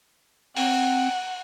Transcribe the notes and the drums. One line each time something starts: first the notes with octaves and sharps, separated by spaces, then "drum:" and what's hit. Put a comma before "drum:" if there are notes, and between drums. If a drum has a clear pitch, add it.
C4 F#5 G5, drum: open hi-hat